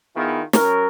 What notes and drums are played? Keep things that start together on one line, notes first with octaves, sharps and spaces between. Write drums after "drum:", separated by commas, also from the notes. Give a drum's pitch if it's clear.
D#3 B3 E4 F4 G#4
F#3 C#4 A#4, drum: snare